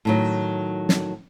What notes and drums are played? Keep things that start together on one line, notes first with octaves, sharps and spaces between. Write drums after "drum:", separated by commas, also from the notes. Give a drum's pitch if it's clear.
A2 D#3 F#3
drum: snare